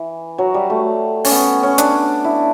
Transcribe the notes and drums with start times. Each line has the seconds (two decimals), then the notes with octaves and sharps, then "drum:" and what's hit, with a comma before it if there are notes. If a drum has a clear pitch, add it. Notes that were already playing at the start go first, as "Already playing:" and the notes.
Already playing: E3
0.38 F#3
0.54 G3
0.70 A3
1.25 C#4, drum: open hi-hat
1.31 B3
1.63 C#4
1.78 D4, drum: hi-hat
2.24 E4